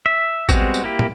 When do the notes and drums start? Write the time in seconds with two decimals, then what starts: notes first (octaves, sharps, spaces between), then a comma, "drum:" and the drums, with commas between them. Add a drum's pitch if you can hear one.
0.06 E5
0.49 G3 G#3 B3 C4 F#4, drum: kick, tambourine
0.74 drum: tambourine
0.84 A#3 E4 G4
0.99 drum: tom